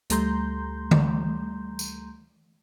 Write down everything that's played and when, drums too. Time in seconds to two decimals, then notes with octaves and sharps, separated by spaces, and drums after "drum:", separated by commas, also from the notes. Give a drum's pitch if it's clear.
0.10 D2 G3 A3 A#5 C6 G6, drum: hi-hat
0.91 drum: tom D3
1.79 drum: tambourine